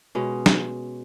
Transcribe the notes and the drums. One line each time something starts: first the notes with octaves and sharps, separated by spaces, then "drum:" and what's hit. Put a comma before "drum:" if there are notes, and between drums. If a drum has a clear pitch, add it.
B2 G#3 C#4
drum: snare